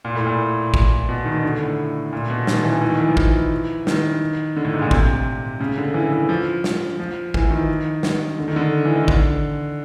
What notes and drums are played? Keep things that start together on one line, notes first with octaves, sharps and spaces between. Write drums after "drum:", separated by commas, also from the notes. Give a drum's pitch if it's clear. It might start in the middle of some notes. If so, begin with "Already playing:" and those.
A#2
A2
A#2
drum: kick G#1
B2
D#3
D3
A2
A#2
B2
D#3, drum: snare
E3
E3
D#3
E3
F3
E3, drum: kick G#1
D#3, drum: snare
D3
A2
G#2
A#2
C3, drum: kick G#1
C#3
D3
E3
E3
F3
drum: snare
F3
E3, drum: kick G#1
D#3
drum: snare
D3
D#3
D3
E3
D#3
D3, drum: kick G#1